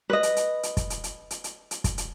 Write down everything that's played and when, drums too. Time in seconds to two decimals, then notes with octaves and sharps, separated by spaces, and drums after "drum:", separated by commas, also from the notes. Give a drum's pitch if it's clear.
0.10 B4 D#5
0.23 drum: hi-hat
0.36 drum: hi-hat
0.63 drum: hi-hat
0.77 drum: kick, hi-hat
0.90 drum: hi-hat
1.04 drum: hi-hat
1.31 drum: hi-hat
1.44 drum: hi-hat
1.71 drum: hi-hat
1.84 drum: kick, hi-hat
1.98 drum: hi-hat